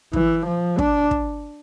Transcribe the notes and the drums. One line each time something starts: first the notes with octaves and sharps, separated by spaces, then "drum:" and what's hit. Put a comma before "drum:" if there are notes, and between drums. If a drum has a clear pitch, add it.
E3, drum: kick
F3
D4, drum: kick
drum: kick